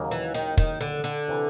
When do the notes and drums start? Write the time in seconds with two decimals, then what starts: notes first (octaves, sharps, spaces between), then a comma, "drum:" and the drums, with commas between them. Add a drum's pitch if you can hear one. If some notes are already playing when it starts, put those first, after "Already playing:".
Already playing: D#2 C#3 F#3 A#3
0.11 E3
0.34 D#3
0.57 D#3, drum: kick
0.81 D3
1.04 D3
1.29 C3 E3